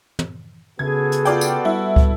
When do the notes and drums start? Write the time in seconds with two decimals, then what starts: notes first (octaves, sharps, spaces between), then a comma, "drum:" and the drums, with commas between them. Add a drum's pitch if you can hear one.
0.19 drum: tom
0.79 C#3 B3 F#4 G#4 A4 G#6
1.12 drum: hi-hat
1.25 F4 D5 G5, drum: hi-hat
1.41 drum: tambourine
1.65 G3 E4
1.96 drum: kick